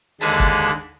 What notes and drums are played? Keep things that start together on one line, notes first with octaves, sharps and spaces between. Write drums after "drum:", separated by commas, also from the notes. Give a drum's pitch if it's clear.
D#2 D3 G#3 A5 B5, drum: open hi-hat
drum: kick